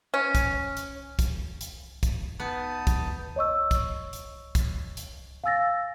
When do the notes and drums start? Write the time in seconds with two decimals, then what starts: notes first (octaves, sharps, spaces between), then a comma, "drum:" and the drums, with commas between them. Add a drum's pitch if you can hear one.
0.14 C#4
0.35 drum: kick, hi-hat
0.77 drum: hi-hat
1.19 drum: kick, hi-hat
1.61 drum: hi-hat
2.03 drum: kick, hi-hat
2.40 B3 D#4 A5 D#6
2.87 drum: kick, hi-hat
3.36 C#5 D#5 C#6 E6
3.71 drum: kick, hi-hat
4.13 drum: hi-hat
4.55 drum: kick, hi-hat
4.97 drum: hi-hat
5.44 F5 G#5 E6 A6 A#6